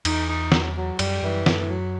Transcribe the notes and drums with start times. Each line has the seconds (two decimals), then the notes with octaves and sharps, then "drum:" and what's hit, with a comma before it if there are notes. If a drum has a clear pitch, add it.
0.05 E2 D#4, drum: cymbal
0.28 D#4
0.52 F#3, drum: snare
0.75 F#3
0.99 F#2 G3, drum: cymbal
1.22 F#2 E3
1.46 F#2 A2, drum: snare
1.70 F#3